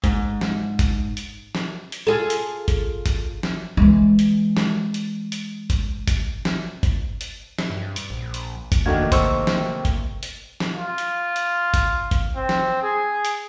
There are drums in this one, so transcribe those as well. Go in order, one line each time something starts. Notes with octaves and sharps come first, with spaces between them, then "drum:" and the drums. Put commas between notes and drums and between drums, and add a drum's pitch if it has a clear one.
G#2, drum: kick G1, hi-hat
drum: snare
drum: kick G1, hi-hat
drum: hi-hat
drum: snare
drum: hi-hat
F4 G#4 A4
drum: hi-hat
drum: kick G1, hi-hat
drum: kick G1, hi-hat
drum: snare
E3 G#3
drum: hi-hat
drum: snare
drum: hi-hat
drum: hi-hat
drum: kick G1, hi-hat
drum: kick G1, hi-hat
drum: snare
drum: kick G1, hi-hat
drum: hi-hat
drum: snare
G2
drum: hi-hat
A#1
drum: hi-hat
drum: kick G1, hi-hat
F2 D#3 A3 A#3 D4 F#4 G#6
C3 C5 C#6 E6, drum: kick G1, hi-hat
drum: snare
drum: kick G1, hi-hat
drum: hi-hat
drum: snare
F4
drum: hi-hat
drum: hi-hat
drum: kick G1, hi-hat
drum: kick G1, hi-hat
C4
drum: snare
G#4
drum: hi-hat